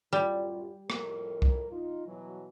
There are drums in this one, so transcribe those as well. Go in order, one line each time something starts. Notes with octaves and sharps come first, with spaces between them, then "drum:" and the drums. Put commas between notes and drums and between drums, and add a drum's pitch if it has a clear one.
F#2 A2 G3 F4
F2 A2 A#4, drum: rim click
drum: kick B1
D#4 F4
B2 E3 F#3